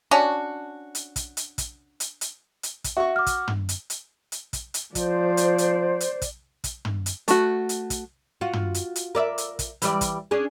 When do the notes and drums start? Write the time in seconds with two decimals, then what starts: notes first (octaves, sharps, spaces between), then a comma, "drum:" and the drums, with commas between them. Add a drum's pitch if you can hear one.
0.11 C#4 D4 F#4
0.95 drum: hi-hat
1.16 drum: kick, hi-hat
1.37 drum: hi-hat
1.58 drum: kick, hi-hat
2.00 drum: hi-hat
2.21 drum: hi-hat
2.63 drum: hi-hat
2.84 drum: kick, hi-hat
2.97 F#4 E5 C#6
3.16 D6 F6
3.26 drum: kick, hi-hat
3.48 drum: tom
3.69 drum: hi-hat
3.90 drum: hi-hat
4.32 drum: hi-hat
4.53 drum: kick, hi-hat
4.74 drum: hi-hat
4.95 F3 C5 D5, drum: kick, hi-hat
5.37 drum: hi-hat
5.58 drum: hi-hat
6.00 drum: hi-hat
6.22 drum: kick, hi-hat
6.64 drum: kick, hi-hat
6.85 drum: tom
7.06 drum: hi-hat
7.28 A3 F#4, drum: hi-hat
7.69 drum: hi-hat
7.90 drum: kick, hi-hat
8.41 F4 F#4
8.53 drum: tom
8.74 drum: hi-hat
8.96 drum: hi-hat
9.15 A#4 D5 E5
9.38 drum: hi-hat
9.59 drum: kick, hi-hat
9.82 E3 G3 D5, drum: hi-hat
10.01 drum: kick, hi-hat
10.31 C#4 D4 G#4